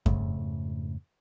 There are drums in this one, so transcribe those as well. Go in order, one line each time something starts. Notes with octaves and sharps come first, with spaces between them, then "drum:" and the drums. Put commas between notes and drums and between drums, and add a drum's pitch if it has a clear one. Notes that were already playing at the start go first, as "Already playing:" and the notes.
F2 G#2 C#3 A3, drum: kick F#2